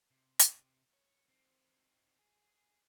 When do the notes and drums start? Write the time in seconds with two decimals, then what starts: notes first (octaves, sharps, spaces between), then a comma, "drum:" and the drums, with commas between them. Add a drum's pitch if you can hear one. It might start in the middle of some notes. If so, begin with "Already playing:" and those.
0.11 C3
0.39 drum: hi-hat
0.93 C#5
1.29 C4 D#4
2.19 G#4